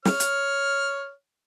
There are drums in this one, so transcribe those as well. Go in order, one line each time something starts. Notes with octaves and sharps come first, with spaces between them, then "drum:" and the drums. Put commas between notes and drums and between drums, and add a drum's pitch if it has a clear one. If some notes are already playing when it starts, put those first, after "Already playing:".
C#5 F6, drum: snare
drum: hi-hat